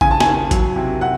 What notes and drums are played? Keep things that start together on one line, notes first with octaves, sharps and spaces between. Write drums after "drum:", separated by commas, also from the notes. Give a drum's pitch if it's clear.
C#3 G#5, drum: kick A1
A5
G#5, drum: snare
D#2
F#3, drum: kick A1, hi-hat
C3
C3 F#5